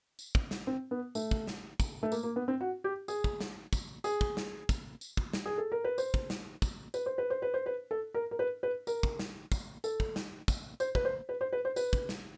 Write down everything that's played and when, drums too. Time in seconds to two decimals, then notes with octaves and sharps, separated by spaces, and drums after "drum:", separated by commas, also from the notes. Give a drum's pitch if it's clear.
0.19 drum: tambourine
0.35 drum: kick
0.51 drum: snare
0.67 C4
0.91 B3
1.15 A3, drum: tambourine
1.31 drum: kick
1.47 drum: snare
1.80 drum: kick, tambourine
2.03 A3
2.12 A#3, drum: tambourine
2.23 A#3
2.36 B3
2.48 C4
2.61 F#4
2.84 G4
3.08 G#4, drum: tambourine
3.24 drum: kick
3.40 drum: snare
3.73 drum: kick, tambourine
4.04 G#4, drum: tambourine
4.21 drum: kick
4.37 drum: snare
4.69 drum: kick, tambourine
5.01 drum: tambourine
5.17 drum: kick
5.33 drum: snare
5.46 G#4
5.58 A4
5.72 A#4
5.84 B4
5.98 C5, drum: tambourine
6.14 drum: kick
6.30 drum: snare
6.62 drum: kick, tambourine
6.94 B4, drum: tambourine
7.06 C5
7.18 B4
7.30 C5
7.42 B4
7.54 C5
7.66 B4
7.91 A4
8.14 A#4
8.31 A#4
8.39 B4
8.63 B4
8.87 A#4, drum: tambourine
9.03 drum: kick
9.19 drum: snare
9.52 drum: kick, tambourine
9.84 A4, drum: tambourine
10.00 drum: kick
10.16 drum: snare
10.48 drum: kick, tambourine
10.80 C5, drum: tambourine
10.95 B4, drum: kick
11.05 C5
11.29 B4
11.41 C5
11.53 B4
11.65 C5
11.76 B4, drum: tambourine
11.93 drum: kick
12.09 drum: snare